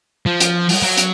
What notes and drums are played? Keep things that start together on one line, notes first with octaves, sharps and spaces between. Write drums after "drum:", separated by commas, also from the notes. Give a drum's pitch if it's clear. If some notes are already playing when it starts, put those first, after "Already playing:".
F3
drum: hi-hat
drum: open hi-hat
F#3
drum: hi-hat